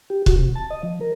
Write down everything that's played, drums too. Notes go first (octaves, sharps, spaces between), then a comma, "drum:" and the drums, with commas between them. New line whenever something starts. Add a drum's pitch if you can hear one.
G4
F#4, drum: kick C#1
C3
A5
D#5
F3
A#4